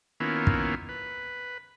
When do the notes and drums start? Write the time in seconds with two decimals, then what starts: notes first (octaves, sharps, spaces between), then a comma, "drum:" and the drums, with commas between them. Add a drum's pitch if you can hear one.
0.20 D#3 A#3 B3 C#4 E4 F4
0.47 drum: kick
0.89 B4